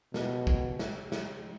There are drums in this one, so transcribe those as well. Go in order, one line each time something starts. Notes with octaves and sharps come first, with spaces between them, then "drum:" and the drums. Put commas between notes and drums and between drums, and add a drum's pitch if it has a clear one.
B2, drum: snare
drum: kick
drum: snare
drum: snare